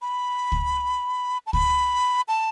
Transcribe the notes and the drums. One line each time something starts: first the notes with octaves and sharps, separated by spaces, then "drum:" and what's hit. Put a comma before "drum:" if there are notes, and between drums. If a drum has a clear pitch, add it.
B5
drum: kick C#2
A5
B5, drum: kick C#2
A5